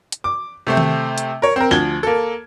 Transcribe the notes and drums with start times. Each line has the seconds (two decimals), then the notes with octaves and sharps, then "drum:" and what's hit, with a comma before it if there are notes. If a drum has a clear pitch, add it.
0.12 drum: hi-hat
0.24 D6
0.67 C3 A3 C4
0.77 drum: tom D#3
1.18 drum: hi-hat
1.42 A#4 C#5
1.56 C4 A#4
1.71 D2 F3 G#6 G7, drum: rim click
2.03 A#3 A4